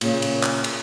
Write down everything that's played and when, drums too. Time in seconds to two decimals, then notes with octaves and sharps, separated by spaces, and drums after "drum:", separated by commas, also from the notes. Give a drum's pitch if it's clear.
0.01 A#2 C#3, drum: cymbal
0.22 drum: cymbal
0.43 drum: clap
0.64 drum: cymbal